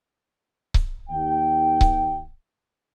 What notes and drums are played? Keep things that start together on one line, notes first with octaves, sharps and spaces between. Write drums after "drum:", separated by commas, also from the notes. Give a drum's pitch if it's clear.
drum: kick C#1
D#2 G5
drum: kick C#1